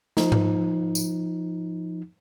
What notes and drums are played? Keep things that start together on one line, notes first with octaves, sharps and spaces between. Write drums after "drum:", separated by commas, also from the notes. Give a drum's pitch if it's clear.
F3 D#4, drum: snare
drum: tom G#2
drum: tambourine